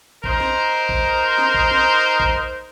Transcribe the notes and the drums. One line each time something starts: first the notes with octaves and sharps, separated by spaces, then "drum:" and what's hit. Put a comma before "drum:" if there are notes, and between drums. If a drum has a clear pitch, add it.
D#4 A#4 C5, drum: kick A#1
drum: snare
drum: kick A#1
drum: snare
drum: kick A#1
drum: snare
drum: kick A#1